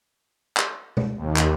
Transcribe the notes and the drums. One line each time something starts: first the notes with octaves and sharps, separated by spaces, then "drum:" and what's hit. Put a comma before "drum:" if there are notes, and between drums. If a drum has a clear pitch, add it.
drum: clap
drum: tom B2
D#2
drum: clap